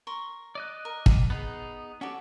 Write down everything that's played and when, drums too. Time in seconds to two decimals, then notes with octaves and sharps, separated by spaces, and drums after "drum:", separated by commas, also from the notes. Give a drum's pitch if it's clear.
0.07 A#4 C6 C#6
0.55 D5 D#5 F#6
0.85 A#4
1.06 drum: kick
1.30 B3 D#4 G#4 B5
2.01 C#4 F#4 G4 A4 D5